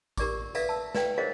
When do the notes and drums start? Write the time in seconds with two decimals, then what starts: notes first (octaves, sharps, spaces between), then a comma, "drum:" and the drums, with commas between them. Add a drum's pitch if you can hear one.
0.18 G4 A#4 D5 C#6 D6, drum: kick A1, tambourine
0.55 A4 B4 D5 E5 F5, drum: tambourine
0.69 A5 E6
0.95 B4 D5 F5 G5, drum: snare
1.18 G#4 A#4 C5 C#5 D#5 F5